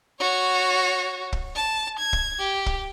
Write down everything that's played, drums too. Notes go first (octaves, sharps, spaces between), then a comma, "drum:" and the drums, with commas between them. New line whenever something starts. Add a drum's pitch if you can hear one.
F#4 C#5
drum: kick
A5
G#6
drum: kick
G4
drum: kick